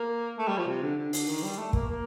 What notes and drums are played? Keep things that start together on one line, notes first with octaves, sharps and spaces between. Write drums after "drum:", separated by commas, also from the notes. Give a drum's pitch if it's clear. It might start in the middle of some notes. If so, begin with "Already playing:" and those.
Already playing: A#3
A3
G3
F3
C3
D3
D3
D3, drum: open hi-hat
D#3
G3
A3
A#3, drum: kick
A#3